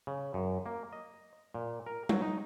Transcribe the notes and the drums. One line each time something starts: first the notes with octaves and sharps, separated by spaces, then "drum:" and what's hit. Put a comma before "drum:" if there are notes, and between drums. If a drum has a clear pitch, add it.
C#3
F#2
A#3
D#5
A#2
A#4
F#3, drum: tom G3
D#4